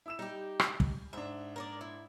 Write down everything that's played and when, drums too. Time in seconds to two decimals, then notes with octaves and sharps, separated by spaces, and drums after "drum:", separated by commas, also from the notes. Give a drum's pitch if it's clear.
0.06 E4 E6 E7
0.19 G3 D#4 G4
0.60 drum: rim click
0.80 drum: kick
1.13 G#2 D4 E5
1.56 A#4 C#5 D5
1.81 E4